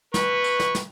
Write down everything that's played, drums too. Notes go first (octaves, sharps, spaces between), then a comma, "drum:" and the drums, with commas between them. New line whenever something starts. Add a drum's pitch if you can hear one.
B4 C#6, drum: snare
drum: tambourine
drum: snare
drum: snare